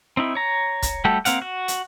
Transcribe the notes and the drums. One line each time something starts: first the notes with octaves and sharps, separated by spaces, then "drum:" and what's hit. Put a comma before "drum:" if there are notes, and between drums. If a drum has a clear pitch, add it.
C4 D#4 E4
C#5 A#5
drum: kick, hi-hat
G3 A3 F#4 G4 A4
A#3 C4 F5 F#5, drum: hi-hat
F#4
drum: hi-hat